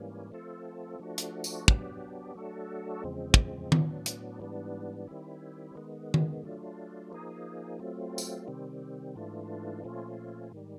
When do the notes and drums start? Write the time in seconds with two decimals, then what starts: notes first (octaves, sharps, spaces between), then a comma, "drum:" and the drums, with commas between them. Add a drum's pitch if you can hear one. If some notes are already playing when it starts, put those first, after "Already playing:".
Already playing: G#2 E3 G3 A#3 C#4
0.32 F3 A3 C4 F4 A4
0.99 F3 A3 D4 F#4
1.18 drum: hi-hat
1.44 drum: tambourine
1.68 F#3 B3 D4 G4, drum: kick
2.35 F#3 A3 D4 F#4 A4
3.04 E2 C#3 F3 G#3 C4
3.34 drum: kick
3.72 A2 F#3 B3 D4, drum: tom D#3
4.06 drum: hi-hat
4.40 G#2 E3 G3 B3 D4
5.08 D#3 G3 C4 E4
5.75 D#3 G#3 B3
6.14 drum: tom D#3
6.44 F#3 A3 D4 F4
7.12 F3 A#3 D#4 G#4
7.80 F#3 A3 C4 F4
8.18 drum: tambourine
8.48 C3 D#3 G3 C4
9.16 G#2 E3 A3 D4 F4
9.84 A#2 F3 A3 C#4 F4
10.52 G#2 D#3 G3